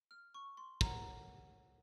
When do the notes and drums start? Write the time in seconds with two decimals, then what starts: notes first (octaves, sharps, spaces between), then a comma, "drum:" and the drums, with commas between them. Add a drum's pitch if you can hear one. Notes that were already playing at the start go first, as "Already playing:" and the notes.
0.11 F6
0.34 C#6
0.57 C6
0.81 A#4 C#5 F#5 A#5, drum: kick